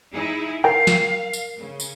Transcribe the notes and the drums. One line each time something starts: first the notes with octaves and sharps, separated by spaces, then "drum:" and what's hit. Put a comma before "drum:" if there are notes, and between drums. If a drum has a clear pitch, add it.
D#4 E4 G#4
A#4 F5 G5
drum: snare
drum: tambourine
C#3
drum: tambourine